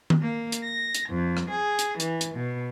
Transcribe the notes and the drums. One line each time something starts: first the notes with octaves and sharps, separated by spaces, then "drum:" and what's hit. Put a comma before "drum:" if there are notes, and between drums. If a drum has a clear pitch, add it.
drum: tom D#3
A#3
drum: hi-hat
A#6
drum: hi-hat
F2
drum: rim click
G#4
drum: hi-hat
E3, drum: hi-hat
drum: hi-hat
B2